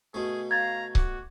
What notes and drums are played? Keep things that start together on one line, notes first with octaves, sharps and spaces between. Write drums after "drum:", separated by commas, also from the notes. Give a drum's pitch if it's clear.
B2 A3 G#4
F5 A#5 G#6 A6
F#4 D6, drum: kick C#1